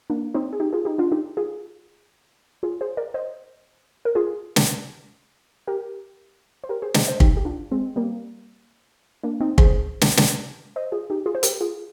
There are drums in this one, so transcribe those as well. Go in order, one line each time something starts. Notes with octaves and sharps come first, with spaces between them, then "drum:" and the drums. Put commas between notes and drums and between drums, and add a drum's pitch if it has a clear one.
A#3 D4
C4 D#4
G#4
D#4 G4
F4 G#4
D#4 G4
D4 F4
D#4 G4
F4 G#4
F4 G#4
G#4 C5
A#4 D5
C5 D#5
A#4
F4 G#4
drum: snare
G4 A#4
C5
G4 A#4
G#4 C5
C5 D#5, drum: snare
C5 D#5
D#4 G4, drum: kick
G4
D4 F4
G#3 C4
G3 A#3
A#3 D4
C4 D#4
G#4 C5, drum: kick
drum: snare
drum: snare
C5 D#5
F4 G#4
D#4 G4
F4 G#4
C5
G4 A#4, drum: hi-hat
F4 G#4